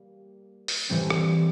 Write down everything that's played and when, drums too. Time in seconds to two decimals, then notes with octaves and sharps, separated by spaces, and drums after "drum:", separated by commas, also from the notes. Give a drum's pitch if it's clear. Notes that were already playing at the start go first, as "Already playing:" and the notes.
Already playing: G3 A#3
0.68 drum: open hi-hat
0.90 A2 E3 G3 C4
1.10 drum: rim click